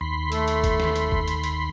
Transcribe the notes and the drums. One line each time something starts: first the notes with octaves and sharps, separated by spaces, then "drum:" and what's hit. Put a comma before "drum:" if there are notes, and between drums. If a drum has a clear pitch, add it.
D#2 B5 C6
A3 A4, drum: hi-hat
drum: hi-hat
drum: kick F#1, hi-hat
drum: snare
drum: hi-hat
drum: kick F#1
drum: hi-hat
drum: hi-hat